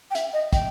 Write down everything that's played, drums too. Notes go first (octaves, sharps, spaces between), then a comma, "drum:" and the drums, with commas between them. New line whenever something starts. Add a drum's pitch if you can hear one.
G5
E5, drum: hi-hat
D#5
G5, drum: kick, hi-hat